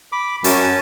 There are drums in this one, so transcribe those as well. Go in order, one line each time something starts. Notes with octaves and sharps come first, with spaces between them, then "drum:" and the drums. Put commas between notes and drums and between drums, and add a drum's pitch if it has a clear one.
B5 D6
F#2 C#4 A5, drum: hi-hat